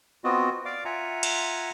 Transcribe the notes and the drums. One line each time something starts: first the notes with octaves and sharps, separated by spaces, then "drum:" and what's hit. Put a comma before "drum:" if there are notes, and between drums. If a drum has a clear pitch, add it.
B3 C4 F4 F#4 D#5
D5 F5 D6
F4 E5 F#5 G#5 A#5
drum: cymbal